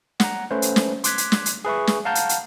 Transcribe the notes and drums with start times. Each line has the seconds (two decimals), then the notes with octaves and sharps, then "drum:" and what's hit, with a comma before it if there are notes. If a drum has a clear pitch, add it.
0.20 F#5 A#5, drum: snare
0.51 A3 C#4 B4 C5
0.62 drum: hi-hat
0.76 drum: snare
1.04 C6 D6 F#6 G#6 B6, drum: hi-hat
1.18 drum: hi-hat
1.32 drum: snare
1.46 drum: hi-hat
1.65 G#4 B4 E5 C#6
1.87 drum: snare
2.05 F5 F#5 A5 A#5 F6 G6
2.15 drum: hi-hat
2.29 drum: hi-hat